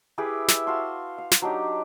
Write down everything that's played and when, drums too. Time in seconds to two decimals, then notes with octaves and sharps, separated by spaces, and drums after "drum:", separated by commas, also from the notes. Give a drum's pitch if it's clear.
0.18 E4 G4 G#4 B4
0.48 E5, drum: snare
0.67 F#4 F5 A5 C6
1.18 F5
1.31 drum: snare
1.42 F#3 D4 D#4 G4